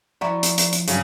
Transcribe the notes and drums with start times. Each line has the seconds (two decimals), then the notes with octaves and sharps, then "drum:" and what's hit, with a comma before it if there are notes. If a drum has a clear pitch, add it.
0.21 F3 E4 F#4 D5 A#5 C#6
0.43 drum: hi-hat
0.58 drum: hi-hat
0.73 drum: hi-hat
0.88 G2 C#3 F#3, drum: hi-hat